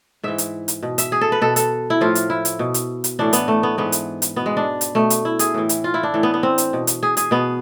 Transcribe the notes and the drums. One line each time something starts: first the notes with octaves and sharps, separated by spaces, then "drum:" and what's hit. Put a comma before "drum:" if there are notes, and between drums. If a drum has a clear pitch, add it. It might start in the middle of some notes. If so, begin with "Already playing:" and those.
G#2 E3 E5
drum: hi-hat
drum: hi-hat
B2
E5, drum: hi-hat
G#4
A4
B4
B2 A4
A4, drum: hi-hat
E4
A2 F3 F4
drum: hi-hat
E4
drum: hi-hat
B2
drum: hi-hat
drum: hi-hat
A2 E3 D4
B3, drum: hi-hat
A3
B3
G#2 E3 B3
drum: hi-hat
drum: hi-hat
B2 B3
G#3
D4
drum: hi-hat
B2 A3
drum: hi-hat
E4
G#4, drum: hi-hat
A2 E3
drum: hi-hat
F4
E4
D4
A2 E3
B3
B3
C4
drum: hi-hat
B2
drum: hi-hat
G#4
G#4, drum: hi-hat
B2 B3